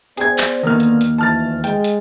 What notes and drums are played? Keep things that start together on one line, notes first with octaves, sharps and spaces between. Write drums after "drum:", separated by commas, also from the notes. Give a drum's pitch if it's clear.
B3 G#4 C5 D5 G5 G#6, drum: hi-hat
drum: clap
D#2 D3 D#3 A#3 B3 A#4 F6
drum: hi-hat
drum: hi-hat
D2 E3 A5 F6 A6
G#3 G5, drum: hi-hat
drum: hi-hat